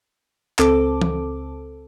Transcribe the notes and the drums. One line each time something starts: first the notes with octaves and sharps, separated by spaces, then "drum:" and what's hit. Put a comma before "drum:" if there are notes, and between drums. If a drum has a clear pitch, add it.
C#2 C4 A4 D6, drum: clap
drum: tom E3